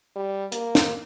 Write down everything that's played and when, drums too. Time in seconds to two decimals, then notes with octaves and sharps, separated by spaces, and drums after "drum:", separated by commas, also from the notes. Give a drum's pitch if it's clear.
0.16 G3
0.52 A#3, drum: hi-hat
0.75 drum: snare